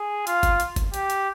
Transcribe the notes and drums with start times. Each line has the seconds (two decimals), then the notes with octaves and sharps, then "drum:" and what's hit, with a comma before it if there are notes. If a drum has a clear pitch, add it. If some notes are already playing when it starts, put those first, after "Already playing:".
Already playing: G#4
0.27 F4, drum: hi-hat
0.43 drum: kick F#1, hi-hat
0.60 drum: hi-hat
0.76 drum: kick F#1, hi-hat
0.94 G4, drum: hi-hat
1.10 drum: hi-hat